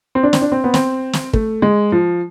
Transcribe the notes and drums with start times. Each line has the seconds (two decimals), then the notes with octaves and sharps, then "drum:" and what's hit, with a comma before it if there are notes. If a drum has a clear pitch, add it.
0.15 C4
0.23 D4
0.33 C4, drum: snare
0.42 D4
0.52 C4
0.64 B3
0.74 C4, drum: snare
1.13 drum: snare
1.33 A3, drum: kick
1.62 G#3
1.92 F3